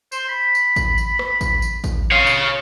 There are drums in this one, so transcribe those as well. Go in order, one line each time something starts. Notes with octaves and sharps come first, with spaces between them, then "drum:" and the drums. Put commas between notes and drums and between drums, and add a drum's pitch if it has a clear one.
C5, drum: tambourine
B5
drum: tambourine
drum: kick A1, tambourine
drum: tambourine
drum: rim click
drum: kick A1, tambourine
drum: tambourine
drum: kick A1, tambourine
F4 C#5 F5
drum: tambourine